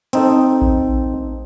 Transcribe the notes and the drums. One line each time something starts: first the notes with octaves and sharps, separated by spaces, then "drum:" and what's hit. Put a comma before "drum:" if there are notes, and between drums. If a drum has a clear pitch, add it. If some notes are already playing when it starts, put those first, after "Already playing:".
C4 D#4 A4, drum: hi-hat
drum: kick A#1